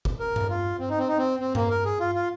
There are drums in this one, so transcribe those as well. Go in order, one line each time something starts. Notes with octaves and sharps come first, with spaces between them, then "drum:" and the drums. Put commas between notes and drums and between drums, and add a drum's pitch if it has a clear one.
drum: kick
A#4
drum: tom G2
F4
C4
D#4
C4
D#4
C4
C4
A#3, drum: tom G2
A#4
G#4
F4
F4